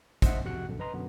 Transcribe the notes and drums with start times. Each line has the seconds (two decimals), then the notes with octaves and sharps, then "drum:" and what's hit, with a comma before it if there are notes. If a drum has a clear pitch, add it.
0.22 C5 D#5 E5 F#5, drum: kick, hi-hat
0.45 F2 C3 F#4 F#5 F#6
0.68 A#1 F#2 B2 D3
0.80 B4 D#5 A#5 C6
0.94 F#2 B2 D3 B3